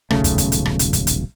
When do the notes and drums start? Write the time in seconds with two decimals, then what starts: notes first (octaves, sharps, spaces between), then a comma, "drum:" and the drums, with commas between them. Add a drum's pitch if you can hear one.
0.10 D#1 B1 C#3 A3, drum: rim click
0.24 drum: kick, hi-hat
0.38 drum: kick, hi-hat
0.52 drum: hi-hat
0.66 drum: rim click
0.79 drum: hi-hat
0.93 drum: kick, hi-hat
1.07 drum: hi-hat